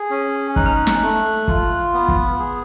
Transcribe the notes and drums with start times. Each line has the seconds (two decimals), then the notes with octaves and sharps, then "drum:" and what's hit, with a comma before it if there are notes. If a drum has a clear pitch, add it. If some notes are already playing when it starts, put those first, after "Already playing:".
Already playing: G#4
0.10 C#4
0.56 D#4 F#6, drum: kick
0.65 F6
0.75 F#6
0.87 drum: snare
1.02 A3
1.48 F4, drum: kick
1.93 B3
2.08 drum: kick
2.39 G#4